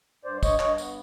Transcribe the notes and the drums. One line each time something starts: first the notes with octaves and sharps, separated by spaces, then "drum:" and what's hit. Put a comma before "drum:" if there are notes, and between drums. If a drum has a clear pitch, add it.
G2 C5 D5
G2 C#5 D#5, drum: kick, tambourine
G2 C#5 D#5, drum: clap
B3, drum: tambourine